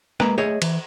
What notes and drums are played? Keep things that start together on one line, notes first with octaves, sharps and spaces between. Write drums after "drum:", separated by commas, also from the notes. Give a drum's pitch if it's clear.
G#3 A#3 B4 A#5, drum: rim click
A3 G#4 C#5 D#5
E3, drum: cymbal